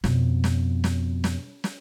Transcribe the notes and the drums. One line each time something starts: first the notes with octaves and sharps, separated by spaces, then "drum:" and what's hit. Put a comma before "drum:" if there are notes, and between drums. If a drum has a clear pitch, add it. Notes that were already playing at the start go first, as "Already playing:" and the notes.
F2 B2, drum: snare
drum: snare
drum: snare
drum: snare
drum: snare